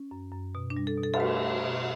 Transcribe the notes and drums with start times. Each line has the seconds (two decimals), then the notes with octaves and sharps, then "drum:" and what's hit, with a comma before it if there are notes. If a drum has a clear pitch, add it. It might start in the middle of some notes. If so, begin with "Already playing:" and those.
Already playing: C#4
0.11 F#2
0.32 F#2
0.55 B2
0.70 D4
0.77 G3
0.87 A4
0.98 B2
1.03 A4
1.14 A4, drum: cymbal
1.20 A3 B4
1.42 A3
1.64 B2